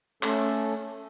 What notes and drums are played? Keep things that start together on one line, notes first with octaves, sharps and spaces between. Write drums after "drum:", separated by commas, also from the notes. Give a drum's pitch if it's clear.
A3 C#4 A4, drum: clap